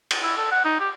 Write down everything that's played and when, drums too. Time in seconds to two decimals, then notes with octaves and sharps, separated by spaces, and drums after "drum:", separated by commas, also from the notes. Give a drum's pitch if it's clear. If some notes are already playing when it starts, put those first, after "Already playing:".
0.11 drum: cymbal
0.23 E4
0.37 A4
0.52 F#5
0.65 D#4
0.80 G4